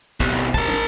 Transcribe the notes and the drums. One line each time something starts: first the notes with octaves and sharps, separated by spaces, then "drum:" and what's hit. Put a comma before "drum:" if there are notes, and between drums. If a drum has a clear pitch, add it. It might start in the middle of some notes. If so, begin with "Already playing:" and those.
B1 C3, drum: kick
A#4 A5, drum: kick
drum: snare